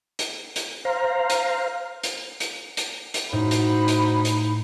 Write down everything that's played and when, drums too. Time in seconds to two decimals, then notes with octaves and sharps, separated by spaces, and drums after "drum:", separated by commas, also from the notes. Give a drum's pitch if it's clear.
0.19 drum: hi-hat
0.56 drum: hi-hat
0.85 C5 F5 A#5
1.30 drum: hi-hat
2.03 drum: hi-hat
2.40 drum: hi-hat
2.77 drum: hi-hat
3.14 drum: hi-hat
3.33 A2 D#4 F#4 C5 B5
3.51 drum: hi-hat
3.88 drum: hi-hat
4.25 drum: hi-hat